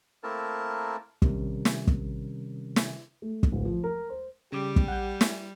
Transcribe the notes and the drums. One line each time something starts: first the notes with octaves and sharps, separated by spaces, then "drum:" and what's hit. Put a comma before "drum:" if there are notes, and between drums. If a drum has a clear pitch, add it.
A3 A#3 C4 E4 A#4 A5
C3 D#3 G3 C#4 A#4, drum: kick
drum: snare
drum: kick
drum: snare
A3
drum: kick
D1
F3
A#4
C5
C#3 G3 G4 D6
drum: kick
F#5 G6
drum: snare